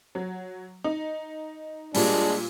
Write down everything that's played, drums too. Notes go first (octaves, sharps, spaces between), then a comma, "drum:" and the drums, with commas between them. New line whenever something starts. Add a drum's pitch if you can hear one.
F#3
D#4
A#2 G3 G#3 D4, drum: open hi-hat